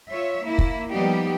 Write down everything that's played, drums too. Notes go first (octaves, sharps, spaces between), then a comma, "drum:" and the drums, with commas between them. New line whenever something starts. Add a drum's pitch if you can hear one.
F4 C#5 E5
A#3 E4
drum: kick
F3 G3 A#3 B3 D#4 G4